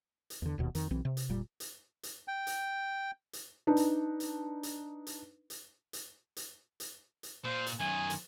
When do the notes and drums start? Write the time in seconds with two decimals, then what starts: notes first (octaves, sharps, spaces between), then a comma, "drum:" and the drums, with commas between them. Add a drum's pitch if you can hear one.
0.30 drum: hi-hat
0.42 E2 D3
0.58 D#1 D#2 B2
0.75 F2 D#3, drum: hi-hat
0.91 B1 E3 C4
1.05 C3
1.17 drum: hi-hat
1.29 F1 A#2 G3
1.60 drum: hi-hat
2.03 drum: hi-hat
2.28 G5
2.47 drum: hi-hat
3.33 drum: hi-hat
3.67 D4 D#4 B4
3.77 drum: hi-hat
4.20 drum: hi-hat
4.63 drum: hi-hat
5.07 drum: hi-hat
5.50 drum: hi-hat
5.93 drum: hi-hat
6.36 drum: hi-hat
6.80 drum: hi-hat
7.23 drum: hi-hat
7.45 A#2 C5
7.66 drum: hi-hat
7.80 F#2 D#3 G#5
8.10 drum: hi-hat